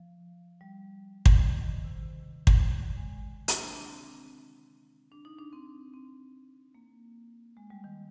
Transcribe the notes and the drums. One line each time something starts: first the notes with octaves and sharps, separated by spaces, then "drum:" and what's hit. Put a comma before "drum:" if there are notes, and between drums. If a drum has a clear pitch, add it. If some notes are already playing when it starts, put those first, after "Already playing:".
Already playing: F3
G3
drum: kick
D#3
D3
D#3
C3
C3
drum: kick
D3
D3
G#3
D4, drum: hi-hat
D4
D4
C4
D4
D#4
D4
C4
C4
A#3
G#3
G3
D#3